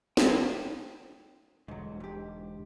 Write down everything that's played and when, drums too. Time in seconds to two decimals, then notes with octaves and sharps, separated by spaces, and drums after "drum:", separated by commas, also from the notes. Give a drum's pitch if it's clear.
0.17 G5, drum: snare
1.68 E1 G#2 D3 F#3
2.00 G#2 G4